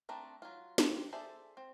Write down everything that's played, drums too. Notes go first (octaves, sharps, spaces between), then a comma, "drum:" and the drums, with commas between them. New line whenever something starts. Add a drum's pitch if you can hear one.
A3 C4 D4 A#5
F#3 F4
A#3 C4, drum: snare
G#4 A4 C5 D5 E5
C4